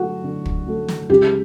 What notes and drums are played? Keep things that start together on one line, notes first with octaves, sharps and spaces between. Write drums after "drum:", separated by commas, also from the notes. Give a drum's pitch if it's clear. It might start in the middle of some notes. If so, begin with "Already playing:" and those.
Already playing: D3 F#3 A3 F#4
D3
drum: kick
F#3 A3
drum: snare
C#2 G4